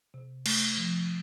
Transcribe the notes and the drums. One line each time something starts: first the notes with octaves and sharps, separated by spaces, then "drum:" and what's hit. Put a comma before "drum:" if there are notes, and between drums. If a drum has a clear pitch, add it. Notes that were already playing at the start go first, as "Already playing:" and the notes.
C3
A3, drum: cymbal
F3